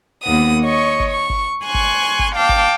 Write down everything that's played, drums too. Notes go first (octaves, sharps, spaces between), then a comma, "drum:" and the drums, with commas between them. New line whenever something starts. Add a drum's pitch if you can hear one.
D#2 A#3 B3 F#5 D#6
C#5 D#5 C#6
drum: kick G1
C#6
drum: kick G1
G#5 C6 C#6 F#6
drum: kick G1
drum: kick G1
F5 G5 A5 D6
drum: kick G1